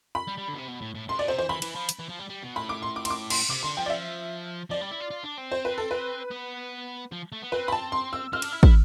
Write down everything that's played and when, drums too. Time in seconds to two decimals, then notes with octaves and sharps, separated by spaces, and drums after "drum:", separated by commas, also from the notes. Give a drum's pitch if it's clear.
0.15 B5
0.28 G3
0.38 G3
0.49 D3
0.54 B2
0.58 C3
0.68 B2
0.81 A2
0.94 A2
1.08 A2 C6
1.18 B2 D5
1.28 C3 C5
1.38 E3 C5
1.49 E3 B5
1.62 E3, drum: cymbal
1.76 F3
1.89 drum: hi-hat
1.99 E3
2.09 F3
2.19 G3
2.29 G3
2.43 B2
2.56 A2 B5
2.69 D6
2.82 C6
2.96 D6
3.05 C6, drum: cymbal
3.10 D6
3.30 C6, drum: cymbal
3.49 C3 D6
3.63 D3 C6
3.77 F3 G5
3.86 D5
3.90 E5
4.70 F3 D5
4.81 G3
4.91 E4
5.00 F4
5.11 F4
5.24 D4
5.38 C4
5.52 C5
5.65 B4
5.78 A4
5.91 B4
6.31 B3
7.12 F3
7.32 A3
7.42 B3
7.52 C4 B4
7.68 B5
7.72 A5
7.92 C6
8.13 E6
8.33 C4 F6
8.42 D4, drum: cymbal
8.52 E4
8.63 E4, drum: kick